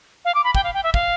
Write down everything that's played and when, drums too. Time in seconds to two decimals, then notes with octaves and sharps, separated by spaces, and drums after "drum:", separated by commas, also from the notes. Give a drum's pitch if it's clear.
0.25 F5
0.35 D6
0.44 B5
0.55 G5, drum: kick
0.64 F5
0.74 G5
0.83 E5
0.94 F5, drum: kick